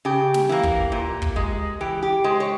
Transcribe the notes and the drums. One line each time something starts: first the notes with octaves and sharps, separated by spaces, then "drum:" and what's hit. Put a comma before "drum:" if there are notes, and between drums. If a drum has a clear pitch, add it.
C#3 G4
drum: snare
E3 A#3
drum: kick
A#2
drum: kick
G#3
E3 G4
G4
G#3 C5
C#5